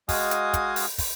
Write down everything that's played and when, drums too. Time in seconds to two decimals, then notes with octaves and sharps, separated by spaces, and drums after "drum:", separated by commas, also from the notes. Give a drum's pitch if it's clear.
0.09 G#3 F#4 D#5 F5 G#5 D#6, drum: kick, open hi-hat
0.31 drum: hi-hat
0.54 drum: kick, hi-hat
0.76 drum: open hi-hat
0.98 drum: kick, open hi-hat